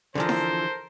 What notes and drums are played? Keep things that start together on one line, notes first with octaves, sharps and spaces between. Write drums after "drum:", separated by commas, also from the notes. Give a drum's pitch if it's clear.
D3 E3 F3 A4 A#4 C5
drum: snare E4